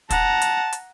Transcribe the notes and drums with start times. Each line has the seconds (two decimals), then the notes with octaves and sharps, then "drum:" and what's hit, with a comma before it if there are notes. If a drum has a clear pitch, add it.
0.10 F#5 A5 A#5, drum: kick, hi-hat
0.41 drum: hi-hat
0.73 drum: hi-hat